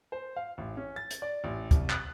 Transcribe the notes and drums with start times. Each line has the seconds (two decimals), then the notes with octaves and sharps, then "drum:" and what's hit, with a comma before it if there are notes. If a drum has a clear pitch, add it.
0.12 C5
0.36 F5
0.58 A1
0.77 C#4
0.96 A6
1.11 drum: hi-hat
1.22 D5
1.44 A1
1.71 C2, drum: kick, hi-hat
1.90 F#6, drum: clap